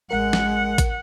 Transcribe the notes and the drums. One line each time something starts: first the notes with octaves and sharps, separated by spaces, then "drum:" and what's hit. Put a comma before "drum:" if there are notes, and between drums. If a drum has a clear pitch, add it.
A1 G#3 A#4 F#5
drum: snare
drum: kick A1, hi-hat